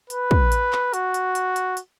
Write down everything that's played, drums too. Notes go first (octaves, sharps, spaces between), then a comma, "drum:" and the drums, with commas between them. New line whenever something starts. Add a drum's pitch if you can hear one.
B4, drum: hi-hat
drum: kick
drum: hi-hat
drum: clap
F#4, drum: hi-hat
drum: hi-hat
drum: hi-hat
drum: hi-hat
drum: hi-hat